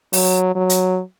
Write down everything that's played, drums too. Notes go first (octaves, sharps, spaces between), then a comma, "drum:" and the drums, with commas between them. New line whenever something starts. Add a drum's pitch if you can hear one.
F#3, drum: open hi-hat
F#3
drum: hi-hat